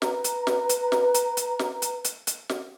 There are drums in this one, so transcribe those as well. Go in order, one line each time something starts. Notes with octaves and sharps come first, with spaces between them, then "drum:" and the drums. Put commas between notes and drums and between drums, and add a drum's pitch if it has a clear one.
B4 A#5, drum: snare
drum: hi-hat
drum: snare
drum: hi-hat
drum: snare
drum: hi-hat
drum: hi-hat
drum: snare
drum: hi-hat
drum: hi-hat
drum: hi-hat
drum: snare